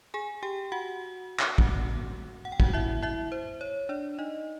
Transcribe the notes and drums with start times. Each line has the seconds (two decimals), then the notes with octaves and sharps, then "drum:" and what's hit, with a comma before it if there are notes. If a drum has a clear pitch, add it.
0.14 G#4 G#5
0.43 G4 G5
0.72 F#4 F#5
1.39 drum: clap
1.58 F#4 F#5, drum: kick
2.45 F#5
2.52 G5
2.60 F#4 F#5, drum: kick
2.73 E4 E5
3.03 E4 E5
3.32 C5
3.61 C#5
3.89 D4 D5
4.19 D#4 D#5